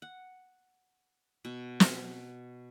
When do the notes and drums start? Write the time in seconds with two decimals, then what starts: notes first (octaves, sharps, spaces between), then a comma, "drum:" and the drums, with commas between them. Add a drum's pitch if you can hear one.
0.02 F#5
1.45 B2
1.80 drum: snare